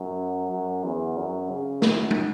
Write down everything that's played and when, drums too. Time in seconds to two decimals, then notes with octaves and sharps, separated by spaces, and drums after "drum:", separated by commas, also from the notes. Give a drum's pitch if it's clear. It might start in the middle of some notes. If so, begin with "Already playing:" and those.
Already playing: F#2
0.52 F#2
0.84 E2
1.17 F#2
1.50 C#3
1.82 F#2, drum: snare
2.11 drum: tom G#3